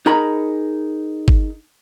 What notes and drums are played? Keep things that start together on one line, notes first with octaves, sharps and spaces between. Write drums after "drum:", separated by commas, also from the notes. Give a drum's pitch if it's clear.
D#4 G#4 A#4 A#5 B5
drum: kick